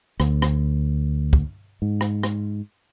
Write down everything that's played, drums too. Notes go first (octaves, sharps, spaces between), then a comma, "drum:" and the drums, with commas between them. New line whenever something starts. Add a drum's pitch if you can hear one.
D2, drum: rim click
drum: rim click
drum: kick
G#2
drum: rim click
drum: rim click